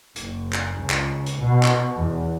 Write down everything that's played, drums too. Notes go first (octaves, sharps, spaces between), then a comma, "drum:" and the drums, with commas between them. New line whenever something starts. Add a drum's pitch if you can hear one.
F#1, drum: hi-hat
drum: clap
C#2
drum: clap
drum: hi-hat
B2
drum: clap
E2